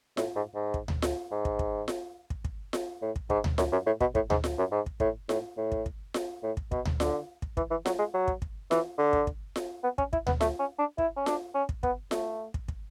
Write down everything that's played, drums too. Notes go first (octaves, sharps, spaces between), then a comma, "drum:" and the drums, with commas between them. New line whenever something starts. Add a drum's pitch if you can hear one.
A2, drum: snare F4
G#2
G#2
drum: kick
drum: tom D2
drum: snare F4
G#2
drum: kick
drum: kick
drum: snare F4
drum: kick
drum: kick
drum: snare F4
A2
drum: kick
G#2, drum: kick
drum: tom D2
F#2, drum: snare F4
F#2
A2
B2, drum: kick
A2, drum: kick
G#2, drum: tom D2
drum: snare F4
F#2
G#2
drum: kick
A2, drum: kick
A2, drum: snare F4
A2
drum: kick
drum: kick
drum: snare F4
A2
drum: kick
B2, drum: kick
drum: tom D2
D3, drum: snare F4
drum: kick
E3, drum: kick
E3
F#3, drum: snare F4
G#3
F#3
drum: kick
drum: kick
E3, drum: snare F4
D3
drum: kick
drum: kick
drum: snare F4
B3
C#4, drum: kick
E4, drum: kick
B3, drum: tom D2
A3, drum: snare F4
C#4
D4
E4, drum: kick
C#4
D4, drum: snare F4
C#4
drum: kick
B3, drum: kick
A3, drum: snare F4
drum: kick
drum: kick